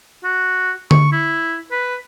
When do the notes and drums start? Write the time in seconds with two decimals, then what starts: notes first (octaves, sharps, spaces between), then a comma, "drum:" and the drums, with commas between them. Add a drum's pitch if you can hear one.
0.24 F#4
0.91 C#6, drum: tom D3
1.13 E4
1.71 B4